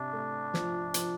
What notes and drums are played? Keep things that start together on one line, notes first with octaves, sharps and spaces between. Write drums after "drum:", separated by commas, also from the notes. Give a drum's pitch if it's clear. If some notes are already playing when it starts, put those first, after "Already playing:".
Already playing: C3 D4
A3
F3, drum: snare
F3, drum: hi-hat